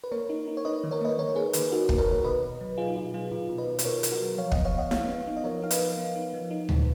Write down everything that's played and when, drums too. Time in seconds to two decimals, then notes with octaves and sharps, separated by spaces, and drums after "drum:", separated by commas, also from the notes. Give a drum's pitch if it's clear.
0.04 B4
0.11 A#3 A#4 C#5
0.30 D#4
0.48 D#4
0.57 C#5
0.65 D#4 B4 D#5
0.84 D#3
0.91 A#4 C#5
1.01 A#3 B4 D#5
1.18 D#3 A#4 C#5
1.29 C#5
1.36 A#3 G#4 B4
1.53 D#3 G#4 B4, drum: hi-hat
1.72 D#4 F#4 A#4
1.89 A#3, drum: kick
1.98 A#4 C#5
2.07 D#3
2.24 B2 B4 D#5
2.43 B2
2.61 F#3
2.78 F#3 F4 G#4
2.87 D#4
2.96 B2 F4
3.14 F#3 F4
3.31 B2 F4
3.49 B2
3.58 B4 D#5
3.67 B2
3.79 B4, drum: hi-hat
3.85 B2 A#4 C#5
4.03 B2, drum: hi-hat
4.12 F#4 A#4
4.20 F#3
4.37 F3 C#5 F5
4.52 B3 D#5 F#5, drum: kick
4.65 C#5 F5
4.74 B3 D#5 F#5
4.91 B3 C#5 F5, drum: snare E4
5.09 B3
5.27 D#4
5.37 D#5
5.44 F3 A#4 C#5
5.62 D#4 F5
5.71 B4 D#5, drum: hi-hat
5.79 F3
5.97 B3
6.16 D#4
6.34 F3
6.51 D#4
6.69 A#2, drum: tom D2